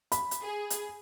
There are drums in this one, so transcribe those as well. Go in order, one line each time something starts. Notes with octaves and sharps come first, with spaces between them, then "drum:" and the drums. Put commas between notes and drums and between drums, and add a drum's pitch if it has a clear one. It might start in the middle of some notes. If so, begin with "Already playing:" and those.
B5, drum: hi-hat
drum: hi-hat
G#4
drum: hi-hat